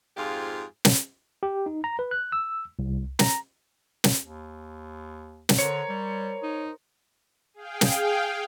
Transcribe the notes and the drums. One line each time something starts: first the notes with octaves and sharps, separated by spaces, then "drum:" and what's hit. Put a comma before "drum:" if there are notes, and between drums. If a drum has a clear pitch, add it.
F2 G#2 F4 G4 G#4 F5
drum: snare
G4
D#4
A#5
B4
F#6
E6
C2
A#5, drum: snare
drum: snare
D#2
drum: snare
D3 A#4 C5 C#5 C#7
G3
D#4
G#4 F5 G5
drum: snare